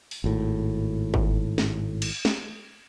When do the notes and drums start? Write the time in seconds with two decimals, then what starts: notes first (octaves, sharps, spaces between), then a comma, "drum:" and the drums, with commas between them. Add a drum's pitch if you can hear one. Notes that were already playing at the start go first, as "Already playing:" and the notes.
0.11 drum: open hi-hat
0.24 G#1 A2
1.14 drum: kick G1
1.58 drum: snare
2.02 drum: cymbal
2.25 drum: snare